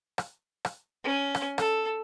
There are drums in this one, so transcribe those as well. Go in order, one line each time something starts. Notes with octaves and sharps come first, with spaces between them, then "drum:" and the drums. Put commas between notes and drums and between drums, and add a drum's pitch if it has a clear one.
drum: rim click
drum: rim click
C#4
drum: rim click
A4, drum: rim click